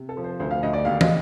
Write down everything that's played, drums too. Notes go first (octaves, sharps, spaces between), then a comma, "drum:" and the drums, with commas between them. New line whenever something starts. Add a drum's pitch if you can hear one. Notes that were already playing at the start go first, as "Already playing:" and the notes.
Already playing: C3
A4
F3
C5
D2 C5
F5
D2 D#5
D5
D#2 F5
D#5, drum: tom